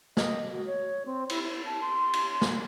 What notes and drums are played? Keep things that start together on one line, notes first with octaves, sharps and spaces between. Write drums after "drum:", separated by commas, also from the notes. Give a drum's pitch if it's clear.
D#5, drum: snare
F#4
C#5
C4
E4, drum: cymbal
E4
A5
C6
drum: cymbal
drum: snare